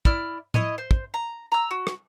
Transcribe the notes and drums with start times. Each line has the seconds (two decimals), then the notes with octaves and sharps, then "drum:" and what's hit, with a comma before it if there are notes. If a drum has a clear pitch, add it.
0.05 E4 D5 F6, drum: kick
0.54 E4 C#5 D#5, drum: tom A2
0.78 C5
0.91 drum: kick
1.14 A#5
1.52 A#5 E6
1.71 F#4
1.87 drum: rim click